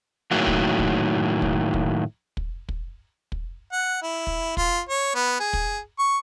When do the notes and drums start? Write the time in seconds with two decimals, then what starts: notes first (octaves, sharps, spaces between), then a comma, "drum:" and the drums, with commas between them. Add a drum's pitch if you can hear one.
0.31 A2 D#3 F#3 A3 A#3
0.47 drum: kick
0.79 drum: kick
1.42 drum: kick
1.74 drum: kick
2.37 drum: kick
2.69 drum: kick
3.32 drum: kick
3.72 F#5
4.02 E4
4.27 drum: kick
4.57 F4, drum: kick
4.89 C#5
5.14 B3
5.40 G#4
5.53 drum: kick
5.99 C#6